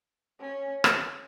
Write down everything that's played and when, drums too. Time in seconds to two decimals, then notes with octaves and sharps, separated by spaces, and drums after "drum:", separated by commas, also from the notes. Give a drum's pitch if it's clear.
0.40 C#4
0.84 drum: rim click